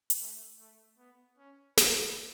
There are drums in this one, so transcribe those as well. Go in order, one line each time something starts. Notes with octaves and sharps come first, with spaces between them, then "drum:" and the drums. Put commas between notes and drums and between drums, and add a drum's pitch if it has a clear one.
drum: hi-hat
A3
A3
B3
C#4
B4, drum: snare